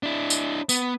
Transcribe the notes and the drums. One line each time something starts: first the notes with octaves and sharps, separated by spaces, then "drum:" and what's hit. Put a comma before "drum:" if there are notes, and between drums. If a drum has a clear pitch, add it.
D4 E4
drum: tambourine
B3, drum: tambourine